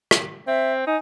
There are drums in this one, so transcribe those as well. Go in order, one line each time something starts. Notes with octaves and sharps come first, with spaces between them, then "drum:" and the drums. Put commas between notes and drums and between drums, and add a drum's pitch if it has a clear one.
drum: rim click
C4 E5
D#4 G#5